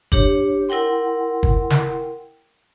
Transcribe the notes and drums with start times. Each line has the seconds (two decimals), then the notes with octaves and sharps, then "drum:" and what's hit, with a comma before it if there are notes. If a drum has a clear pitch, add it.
0.12 D4 G4 C#5, drum: kick
0.69 E4 A#4 F#5 G5 C6
1.43 drum: kick
1.70 drum: snare